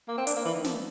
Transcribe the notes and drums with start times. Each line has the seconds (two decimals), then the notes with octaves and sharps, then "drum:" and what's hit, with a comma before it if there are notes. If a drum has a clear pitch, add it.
0.08 A#3
0.18 C4
0.27 D4, drum: hi-hat
0.36 A#3
0.45 E3
0.55 D#3
0.64 F3, drum: snare